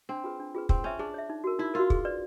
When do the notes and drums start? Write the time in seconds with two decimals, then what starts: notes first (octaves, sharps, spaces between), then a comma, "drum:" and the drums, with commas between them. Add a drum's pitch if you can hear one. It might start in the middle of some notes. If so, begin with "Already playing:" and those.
0.09 C4 D4
0.24 F4 G#4 B4
0.39 D4
0.55 F4 G#4 B4
0.69 C4 G#4, drum: kick
0.84 C#4 C#5 E5
0.99 D4 G#4
1.14 C#5 E5
1.30 D#4
1.44 F#4 A#4
1.59 D#4 E4
1.74 F4 F#4 A#4
1.90 G#4, drum: kick
2.05 B4 D5